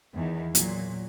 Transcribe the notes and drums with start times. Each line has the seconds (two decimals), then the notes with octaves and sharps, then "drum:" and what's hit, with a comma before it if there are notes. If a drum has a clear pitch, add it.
0.13 E2 D#3
0.55 A#2 F#3, drum: hi-hat